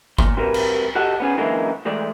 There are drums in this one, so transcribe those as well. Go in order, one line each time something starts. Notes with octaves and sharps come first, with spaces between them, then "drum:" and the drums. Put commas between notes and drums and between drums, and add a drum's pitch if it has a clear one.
A#2 C6, drum: kick G1
G3 C4 F#4 A#4 B4
drum: cymbal
F#4 G4 A4 D#5 F#5
B3 C#4 G#4
F#2 D3 E3 G#3 A#3 E4
E3 G#3 A3 D5